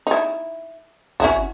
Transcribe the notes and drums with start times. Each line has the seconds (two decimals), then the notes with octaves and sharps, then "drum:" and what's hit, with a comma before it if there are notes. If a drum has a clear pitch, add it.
0.07 D#4 E4
1.20 C#4 E4 F#4, drum: kick